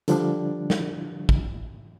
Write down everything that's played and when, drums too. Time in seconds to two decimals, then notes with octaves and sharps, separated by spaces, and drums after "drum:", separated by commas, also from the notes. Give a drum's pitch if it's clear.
0.08 D3 F3 G3 D4, drum: hi-hat
0.70 drum: snare
1.29 drum: kick A1